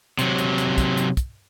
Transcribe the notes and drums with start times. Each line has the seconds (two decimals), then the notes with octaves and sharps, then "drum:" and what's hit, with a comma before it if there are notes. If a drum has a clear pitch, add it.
0.19 C3 F#3, drum: hi-hat
0.38 drum: hi-hat
0.58 drum: hi-hat
0.78 drum: kick, hi-hat
0.97 drum: hi-hat
1.17 drum: kick, hi-hat